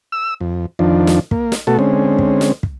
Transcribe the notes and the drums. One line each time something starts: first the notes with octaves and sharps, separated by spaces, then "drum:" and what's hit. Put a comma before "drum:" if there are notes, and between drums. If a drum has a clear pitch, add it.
E6
F2
F2 D#3 F3 D4
drum: snare
A#3, drum: kick
drum: snare
B2 A3 F#4 A4
D3 G#3 C4 C#4
drum: kick
drum: snare
drum: kick